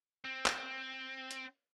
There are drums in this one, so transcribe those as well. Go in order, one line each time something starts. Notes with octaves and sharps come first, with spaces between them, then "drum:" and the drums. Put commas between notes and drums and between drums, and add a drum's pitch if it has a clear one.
C4
drum: clap
drum: hi-hat